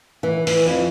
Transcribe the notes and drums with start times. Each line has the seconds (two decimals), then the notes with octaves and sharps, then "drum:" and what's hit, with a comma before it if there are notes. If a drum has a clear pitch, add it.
0.23 E3
0.47 E3, drum: open hi-hat
0.66 F2